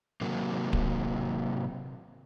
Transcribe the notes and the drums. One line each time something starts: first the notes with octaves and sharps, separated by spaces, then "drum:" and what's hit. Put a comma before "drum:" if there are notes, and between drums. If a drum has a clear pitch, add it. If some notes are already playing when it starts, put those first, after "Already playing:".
C3 F#3 A#3
drum: kick D1